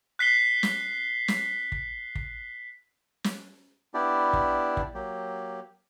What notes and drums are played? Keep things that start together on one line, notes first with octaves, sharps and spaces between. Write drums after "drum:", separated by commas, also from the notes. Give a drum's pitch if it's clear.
F#6 B6 C7 G7
drum: snare
drum: snare
drum: kick
drum: kick
drum: snare
B3 D4 E4 G4 D5
drum: kick
drum: kick
F#3 A#3 G4